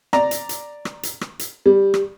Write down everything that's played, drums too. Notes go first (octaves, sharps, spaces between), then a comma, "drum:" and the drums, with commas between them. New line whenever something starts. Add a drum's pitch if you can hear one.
D5 A#5, drum: rim click
drum: hi-hat
drum: hi-hat
drum: rim click
drum: hi-hat
drum: rim click
drum: hi-hat
G3
drum: rim click